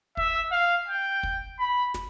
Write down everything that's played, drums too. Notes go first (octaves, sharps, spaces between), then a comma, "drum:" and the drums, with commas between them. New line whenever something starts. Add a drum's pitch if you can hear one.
E5, drum: kick
F5
G5
drum: kick
B5
drum: snare